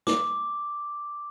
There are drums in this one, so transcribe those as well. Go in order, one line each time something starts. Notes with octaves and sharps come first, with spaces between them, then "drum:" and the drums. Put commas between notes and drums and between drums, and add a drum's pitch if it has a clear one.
D6, drum: snare